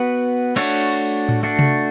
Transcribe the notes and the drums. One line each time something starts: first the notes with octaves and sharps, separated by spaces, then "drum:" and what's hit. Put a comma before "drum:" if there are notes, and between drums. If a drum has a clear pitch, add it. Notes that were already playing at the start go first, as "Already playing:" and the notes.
Already playing: B3 F#4 B4
A3 D4 F#4 C#5, drum: cymbal
drum: tom A2
A3 D4 F#4
drum: tom C3